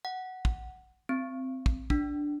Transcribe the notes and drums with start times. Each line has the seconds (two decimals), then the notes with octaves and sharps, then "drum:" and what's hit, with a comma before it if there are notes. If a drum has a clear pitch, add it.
0.05 F#5
0.45 drum: kick
1.09 C4
1.66 drum: kick
1.90 D4, drum: kick